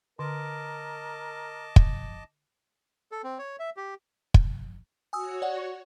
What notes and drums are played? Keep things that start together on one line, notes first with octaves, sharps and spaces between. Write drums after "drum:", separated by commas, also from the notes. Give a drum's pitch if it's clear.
D3 A#4 D#5 A5 D6
drum: kick
A4
C4
C#5
E5
G4
drum: kick
F#4 C#5 G#5 D#6 E6
D5 F#5